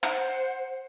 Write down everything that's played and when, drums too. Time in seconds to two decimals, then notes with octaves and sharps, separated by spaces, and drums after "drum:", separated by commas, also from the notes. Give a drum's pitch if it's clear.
0.03 C5 F#5, drum: hi-hat